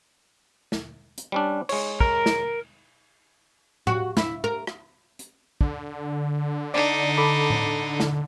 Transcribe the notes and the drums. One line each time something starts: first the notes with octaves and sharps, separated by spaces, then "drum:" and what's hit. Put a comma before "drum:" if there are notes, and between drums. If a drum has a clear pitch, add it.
drum: snare
drum: hi-hat
G3 C#4 D4
G#3 C#5, drum: cymbal
A#4, drum: kick
drum: snare
F#4, drum: tom A2
E4, drum: snare
A#4
drum: rim click
drum: hi-hat
D3, drum: kick
D4 D#4 D5
A4 B5 D6
drum: tom A2
drum: snare